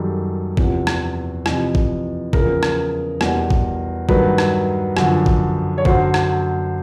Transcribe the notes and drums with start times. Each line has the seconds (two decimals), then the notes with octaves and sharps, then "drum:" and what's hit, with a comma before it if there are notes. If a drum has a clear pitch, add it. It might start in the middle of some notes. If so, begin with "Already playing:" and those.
Already playing: F#2 D#3 G3 A4
0.57 E2 C3 F3, drum: kick
0.87 drum: rim click
1.46 F2 C3 E3, drum: rim click
1.75 drum: kick
2.33 E2 C#3 F3 A#4, drum: kick
2.63 drum: rim click
3.21 E2 B2 G3, drum: rim click
3.50 drum: kick
4.09 G2 D#3 F#3 B4, drum: kick
4.38 drum: rim click
4.97 F#2 D3 F3, drum: rim click
5.26 drum: kick
5.78 C#5
5.85 F#2 D3 F#3 C5, drum: kick
6.14 drum: rim click